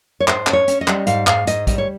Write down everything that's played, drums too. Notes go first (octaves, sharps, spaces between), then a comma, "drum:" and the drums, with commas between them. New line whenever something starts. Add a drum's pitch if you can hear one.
C#5
G#2 C5, drum: clap
C#4, drum: clap
C#5
C#4, drum: hi-hat
D#5
G3, drum: clap
G#2 F5, drum: hi-hat
G#2 F5, drum: clap
G#2 D#5, drum: hi-hat
G3 D#5, drum: kick, hi-hat
C#5